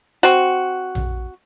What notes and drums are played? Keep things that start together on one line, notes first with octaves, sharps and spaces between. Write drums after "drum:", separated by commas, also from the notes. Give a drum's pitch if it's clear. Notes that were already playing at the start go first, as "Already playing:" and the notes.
C4 F#4, drum: hi-hat
drum: tom A#1